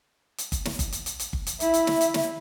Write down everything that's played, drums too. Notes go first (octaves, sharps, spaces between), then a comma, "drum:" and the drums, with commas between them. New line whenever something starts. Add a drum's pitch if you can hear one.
drum: hi-hat
drum: kick G1, hi-hat
drum: snare
drum: kick G1, hi-hat
drum: hi-hat
drum: hi-hat
drum: hi-hat
drum: kick G1
drum: hi-hat
E4 E5, drum: hi-hat
drum: hi-hat
drum: snare
drum: hi-hat
drum: snare